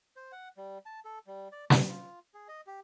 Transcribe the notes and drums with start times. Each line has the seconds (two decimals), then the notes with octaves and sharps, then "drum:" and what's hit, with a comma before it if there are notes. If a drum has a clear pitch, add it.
0.16 C5
0.32 F#5
0.57 G3
0.86 A5
1.05 A4
1.27 G3
1.52 D5
1.70 A3, drum: snare
1.89 F4
2.34 G#4
2.48 D#5
2.67 G4